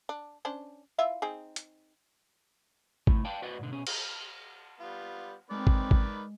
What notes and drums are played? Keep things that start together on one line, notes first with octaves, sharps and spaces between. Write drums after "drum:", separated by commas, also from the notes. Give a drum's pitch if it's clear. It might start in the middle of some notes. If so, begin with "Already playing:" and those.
D4
C#4 D4 C5
E4 F4 E5
C4 D#4 G#4
drum: hi-hat
C2 A3 E4, drum: kick G#1
D5 F5 G5 A5
F#4 B4 D5 D#5 F#5
G#2 B2 D3
B2 C#4 G#4
drum: cymbal
G3 B3 F4
D#3 G#3 C4 B4 D5
drum: kick G#1
drum: kick G#1